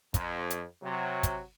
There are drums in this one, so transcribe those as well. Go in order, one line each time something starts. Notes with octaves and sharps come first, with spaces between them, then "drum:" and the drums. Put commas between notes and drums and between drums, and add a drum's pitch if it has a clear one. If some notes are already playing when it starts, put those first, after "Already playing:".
F2, drum: kick, hi-hat
drum: hi-hat
C3 F#3
drum: kick, hi-hat